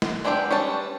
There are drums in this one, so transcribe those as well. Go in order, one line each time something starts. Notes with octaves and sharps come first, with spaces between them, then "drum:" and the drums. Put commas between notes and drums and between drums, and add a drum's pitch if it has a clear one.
drum: snare
G#3 B3 D4 E5 G5
G3 C#4 B4 A5